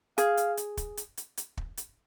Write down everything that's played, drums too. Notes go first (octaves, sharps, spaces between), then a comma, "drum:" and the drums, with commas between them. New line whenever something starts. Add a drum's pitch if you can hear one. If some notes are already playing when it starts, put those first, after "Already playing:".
G#4 F5, drum: hi-hat
drum: hi-hat
drum: hi-hat
drum: kick, hi-hat
drum: hi-hat
drum: hi-hat
drum: hi-hat
drum: kick
drum: hi-hat